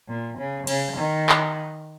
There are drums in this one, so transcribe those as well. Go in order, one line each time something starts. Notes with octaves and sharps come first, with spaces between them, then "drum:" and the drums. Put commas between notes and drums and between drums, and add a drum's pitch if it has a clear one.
A#2
C#3
C#3, drum: cymbal
D#3
drum: clap